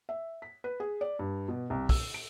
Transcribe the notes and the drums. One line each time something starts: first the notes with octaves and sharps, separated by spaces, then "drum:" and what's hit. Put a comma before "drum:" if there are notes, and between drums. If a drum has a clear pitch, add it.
E5
B6
B4
G#4
D5
G2
B2
C2
E6, drum: kick, open hi-hat
D7